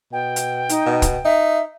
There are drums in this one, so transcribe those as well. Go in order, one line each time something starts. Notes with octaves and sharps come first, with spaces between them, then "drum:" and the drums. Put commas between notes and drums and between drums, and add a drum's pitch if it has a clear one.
B2 G5
drum: hi-hat
D#4, drum: hi-hat
B2
drum: kick, hi-hat
D#4 E5